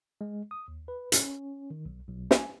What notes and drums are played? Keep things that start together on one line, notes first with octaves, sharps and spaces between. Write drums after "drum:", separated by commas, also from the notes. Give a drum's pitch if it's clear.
G#3
D#6
D#2
B4
C#4, drum: hi-hat
D#3
B1
B1
G#5, drum: snare